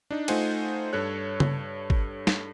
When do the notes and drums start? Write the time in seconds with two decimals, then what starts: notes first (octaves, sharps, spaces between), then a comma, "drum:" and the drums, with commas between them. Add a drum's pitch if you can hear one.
0.11 D4 D#4
0.28 A3 D#4 F4 C5 F#5 G#5, drum: cymbal
0.93 G2 A4 C#5 F#6
1.40 drum: tom C#3
1.90 drum: kick G#1
2.27 drum: snare